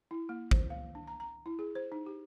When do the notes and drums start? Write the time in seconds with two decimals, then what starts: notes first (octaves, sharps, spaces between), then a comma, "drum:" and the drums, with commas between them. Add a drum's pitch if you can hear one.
0.11 E4
0.29 A#3
0.51 C5, drum: kick
0.70 F5
0.95 D4
1.08 A#5
1.20 A#5
1.46 E4
1.59 G#4
1.75 C5
1.92 D#4
2.06 G4